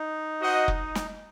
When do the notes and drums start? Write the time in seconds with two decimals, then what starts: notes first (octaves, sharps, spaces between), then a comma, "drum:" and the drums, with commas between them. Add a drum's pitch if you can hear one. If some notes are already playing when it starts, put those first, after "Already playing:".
Already playing: D#4
0.40 F#4 C5 D#5 F#5
0.68 drum: kick F1
0.95 drum: snare